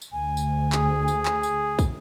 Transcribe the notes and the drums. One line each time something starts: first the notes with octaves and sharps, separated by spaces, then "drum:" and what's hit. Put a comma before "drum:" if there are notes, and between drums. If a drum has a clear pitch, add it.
drum: tambourine
D2 G#5
drum: tambourine
G#4, drum: clap
drum: tambourine
drum: clap
drum: tambourine
drum: kick, tambourine